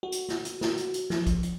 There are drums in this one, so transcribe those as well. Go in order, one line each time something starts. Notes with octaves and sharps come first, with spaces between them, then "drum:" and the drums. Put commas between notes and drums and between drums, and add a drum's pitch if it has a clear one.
F#4
drum: hi-hat
drum: snare
drum: hi-hat
drum: snare
drum: hi-hat
drum: hi-hat
F3, drum: snare
drum: kick, hi-hat
drum: hi-hat